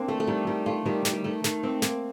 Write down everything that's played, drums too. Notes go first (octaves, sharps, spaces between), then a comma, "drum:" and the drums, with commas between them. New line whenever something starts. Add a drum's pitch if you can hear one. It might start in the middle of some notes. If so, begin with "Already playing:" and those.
Already playing: A#3 C4 D4
A3 F4
A3
D#3 G3
D#3 G3
A3 F4
D#3 G3
D#3, drum: snare
G3
D#3 A3
D#3, drum: snare
A#3 C4
A#3, drum: snare